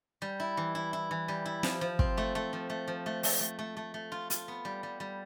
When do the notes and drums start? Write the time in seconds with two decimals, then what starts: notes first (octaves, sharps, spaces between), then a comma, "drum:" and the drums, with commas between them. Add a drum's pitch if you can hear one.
0.22 G3
0.40 E4
0.57 E3
0.75 E4
0.93 E4
1.11 E3
1.28 G3
1.45 E4
1.63 F3, drum: snare
1.81 F3
1.99 C4, drum: kick
2.17 A3
2.35 A3
2.53 F3
2.70 A3
2.87 F3
3.06 A3
3.23 A3, drum: open hi-hat
3.41 A3
3.59 A3
3.77 A3
3.94 A3
4.12 F4
4.30 F4, drum: hi-hat
4.48 B3
4.65 G3
4.83 G3
5.00 G3